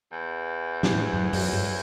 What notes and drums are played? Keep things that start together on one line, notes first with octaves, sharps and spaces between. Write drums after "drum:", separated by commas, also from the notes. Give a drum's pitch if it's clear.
E2
B2, drum: snare
A2
F#2
F#2, drum: open hi-hat
G2